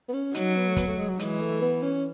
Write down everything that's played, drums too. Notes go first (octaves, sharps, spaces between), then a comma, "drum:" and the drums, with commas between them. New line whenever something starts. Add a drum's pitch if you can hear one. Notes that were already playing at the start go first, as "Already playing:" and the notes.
B3
C#4
F#3 D#4, drum: hi-hat
B3
A3
B3, drum: kick, hi-hat
A3
G#3
F#3
E3 G#3, drum: hi-hat
A3
B3
C#4